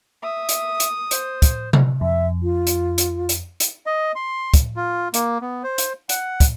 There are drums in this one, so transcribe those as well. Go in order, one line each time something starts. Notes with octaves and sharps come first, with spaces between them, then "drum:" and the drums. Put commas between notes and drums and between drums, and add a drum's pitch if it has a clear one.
E5 D#6
drum: hi-hat
drum: hi-hat
C5, drum: hi-hat
drum: kick, hi-hat
drum: tom C3
F2 E5
F4
drum: hi-hat
drum: hi-hat
drum: hi-hat
drum: hi-hat
D#5
C6
drum: kick, hi-hat
F4
A#3, drum: hi-hat
B3
C5
drum: hi-hat
F#5, drum: hi-hat
drum: kick, hi-hat